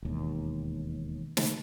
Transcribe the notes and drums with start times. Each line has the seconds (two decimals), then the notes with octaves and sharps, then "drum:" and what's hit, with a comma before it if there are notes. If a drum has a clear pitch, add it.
0.03 E1 D#2
1.37 drum: snare